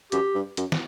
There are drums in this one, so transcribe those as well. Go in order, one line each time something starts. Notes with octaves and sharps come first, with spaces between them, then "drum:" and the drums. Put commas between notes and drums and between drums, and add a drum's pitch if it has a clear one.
F#2 G4, drum: hi-hat
G2
F#2, drum: hi-hat
drum: snare